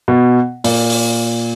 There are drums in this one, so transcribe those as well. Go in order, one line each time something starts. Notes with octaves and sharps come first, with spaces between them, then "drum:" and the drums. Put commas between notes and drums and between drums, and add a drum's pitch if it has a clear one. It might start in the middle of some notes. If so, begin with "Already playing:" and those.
B2
A#2, drum: open hi-hat
drum: open hi-hat